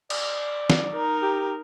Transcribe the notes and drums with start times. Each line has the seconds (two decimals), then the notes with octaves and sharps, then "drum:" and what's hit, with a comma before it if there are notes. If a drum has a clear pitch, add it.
0.10 D5, drum: cymbal
0.70 drum: snare
0.91 D#4 A#4
1.22 G4